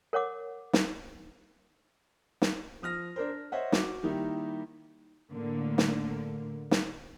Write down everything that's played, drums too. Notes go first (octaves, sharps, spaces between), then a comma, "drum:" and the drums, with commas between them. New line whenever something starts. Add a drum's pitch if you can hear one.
A#4 C#5 F#5 D6
drum: snare
drum: snare
F3 D#6 F6 A#6
D4 A#4 C5
D4
C5 C#5 D#5 E5 F#5
F#4 D6, drum: snare
D#3 G3 A#3 D#4 E4 G4
A2 D3 A#3
drum: snare
drum: snare